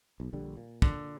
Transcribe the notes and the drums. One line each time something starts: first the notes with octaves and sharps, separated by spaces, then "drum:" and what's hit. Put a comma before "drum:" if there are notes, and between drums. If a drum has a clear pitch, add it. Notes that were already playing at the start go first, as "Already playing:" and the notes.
B1
A#1 D3 G3
A#2
D3, drum: kick